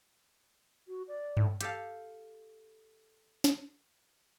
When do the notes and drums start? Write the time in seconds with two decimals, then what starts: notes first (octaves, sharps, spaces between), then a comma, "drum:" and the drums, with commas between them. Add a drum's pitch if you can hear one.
0.88 F#4
1.08 D5
1.37 A2, drum: tom G2
1.61 G4 A4 F5, drum: hi-hat
3.44 drum: snare